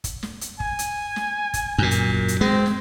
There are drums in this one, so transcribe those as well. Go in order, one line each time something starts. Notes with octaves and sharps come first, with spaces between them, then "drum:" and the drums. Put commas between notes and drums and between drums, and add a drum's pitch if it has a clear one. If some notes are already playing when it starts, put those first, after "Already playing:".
drum: kick, hi-hat
drum: snare
drum: hi-hat
G#5, drum: kick
drum: hi-hat
drum: snare
drum: kick, hi-hat
F#2 A#2
drum: hi-hat
drum: kick
drum: hi-hat
G#3 C4
drum: snare